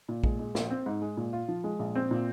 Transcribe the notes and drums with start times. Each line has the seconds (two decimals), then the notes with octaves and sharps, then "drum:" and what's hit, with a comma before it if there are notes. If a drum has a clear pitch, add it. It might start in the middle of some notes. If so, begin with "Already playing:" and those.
0.09 A#2
0.24 G#3, drum: kick A#1
0.39 G#3
0.55 A#1, drum: snare
0.70 C4
0.86 G#2
1.02 G#3
1.17 A#2
1.33 F4
1.48 F3
1.64 G#3
1.79 A#1
1.95 C4
2.11 A#2